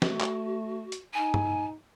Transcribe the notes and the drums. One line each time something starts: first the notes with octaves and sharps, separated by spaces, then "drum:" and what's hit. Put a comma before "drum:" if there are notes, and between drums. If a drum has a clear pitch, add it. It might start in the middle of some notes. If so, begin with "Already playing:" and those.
A3 F#4, drum: snare
drum: clap
drum: hi-hat
D#4 G#5
drum: tom G2